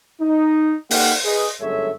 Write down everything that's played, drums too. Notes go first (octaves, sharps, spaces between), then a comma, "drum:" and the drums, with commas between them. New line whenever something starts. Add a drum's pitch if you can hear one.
D#4
A#3 D#4 G4 A4 F5 F#5, drum: open hi-hat
G#4 B4 D#5
G1 F#2 G#3 A4 C#5 E5